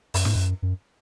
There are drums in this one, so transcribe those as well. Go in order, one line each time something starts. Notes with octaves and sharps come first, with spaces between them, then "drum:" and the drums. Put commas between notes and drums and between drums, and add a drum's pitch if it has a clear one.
F#2, drum: open hi-hat
G#2, drum: snare
F#2
F#2